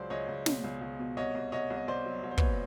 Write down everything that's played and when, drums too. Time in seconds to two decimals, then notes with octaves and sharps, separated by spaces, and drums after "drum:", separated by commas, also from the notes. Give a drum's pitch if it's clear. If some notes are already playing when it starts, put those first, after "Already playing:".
Already playing: C#2 F#3 C5 D5
0.10 C#2 C#5 D#5
0.28 C#2
0.46 B2, drum: snare
0.64 C#2
0.81 C#2
0.99 B2
1.17 C2 C#5 D#5
1.35 C2
1.52 C2 C#5 D#5
1.70 C2
1.76 D#5
1.88 C2 C5 D5
2.06 F#3
2.23 C2 C#5
2.31 C5
2.38 A#2 B4 C#5, drum: kick